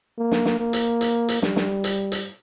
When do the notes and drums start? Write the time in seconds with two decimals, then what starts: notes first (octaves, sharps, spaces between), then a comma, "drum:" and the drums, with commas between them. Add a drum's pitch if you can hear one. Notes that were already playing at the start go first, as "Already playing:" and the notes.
0.18 A#3
0.32 drum: snare
0.45 drum: snare
0.60 A#3
0.73 drum: hi-hat
1.01 drum: hi-hat
1.29 drum: hi-hat
1.42 G3, drum: snare
1.56 drum: snare
1.84 drum: hi-hat
2.12 drum: hi-hat